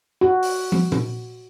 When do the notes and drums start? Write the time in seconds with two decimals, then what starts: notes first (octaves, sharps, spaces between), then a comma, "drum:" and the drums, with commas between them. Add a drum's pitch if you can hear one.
0.21 F#4
0.43 drum: open hi-hat
0.72 drum: tom
0.92 drum: tom A#2